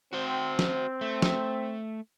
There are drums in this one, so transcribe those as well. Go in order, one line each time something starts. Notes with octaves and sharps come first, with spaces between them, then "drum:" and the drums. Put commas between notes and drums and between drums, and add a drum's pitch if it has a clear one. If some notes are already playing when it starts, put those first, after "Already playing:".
C4 F#4 C5
drum: snare
A3
drum: snare